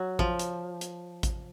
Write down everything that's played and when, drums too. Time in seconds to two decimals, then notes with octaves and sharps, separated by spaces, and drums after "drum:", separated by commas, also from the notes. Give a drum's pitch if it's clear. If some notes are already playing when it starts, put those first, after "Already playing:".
Already playing: F#3
0.19 F3, drum: kick A1
0.39 drum: hi-hat
0.81 drum: hi-hat
1.23 drum: kick A1, hi-hat